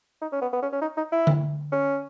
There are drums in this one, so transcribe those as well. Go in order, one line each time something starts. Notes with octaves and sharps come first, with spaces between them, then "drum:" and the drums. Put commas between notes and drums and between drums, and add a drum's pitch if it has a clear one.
D#4
C#4
B3
B3
C#4
C#4
D#4
D#4
E4
drum: tom D3
C#4